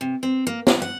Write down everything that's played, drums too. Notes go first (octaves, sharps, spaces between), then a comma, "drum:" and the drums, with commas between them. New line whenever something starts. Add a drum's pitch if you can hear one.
C3
C4
A#3
D#2, drum: snare
F#5